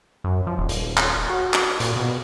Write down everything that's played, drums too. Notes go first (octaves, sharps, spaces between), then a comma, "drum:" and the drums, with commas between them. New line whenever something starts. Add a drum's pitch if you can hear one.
F#2
F3
D#1
drum: hi-hat
drum: clap
F#4
drum: clap
A#2, drum: hi-hat
B2